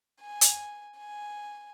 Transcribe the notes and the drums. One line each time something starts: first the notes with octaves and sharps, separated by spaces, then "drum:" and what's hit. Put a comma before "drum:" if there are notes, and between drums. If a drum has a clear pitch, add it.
G#5
drum: hi-hat
G#5